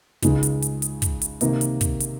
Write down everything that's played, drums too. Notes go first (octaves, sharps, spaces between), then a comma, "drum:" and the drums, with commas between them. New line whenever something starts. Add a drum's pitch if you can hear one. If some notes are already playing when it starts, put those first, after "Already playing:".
C#2 C#3 G#3 D#4, drum: kick, hi-hat
drum: hi-hat
drum: hi-hat
drum: hi-hat
drum: kick, hi-hat
drum: hi-hat
C3 D#3 A#3 D#4, drum: hi-hat
drum: hi-hat
drum: kick, hi-hat
drum: hi-hat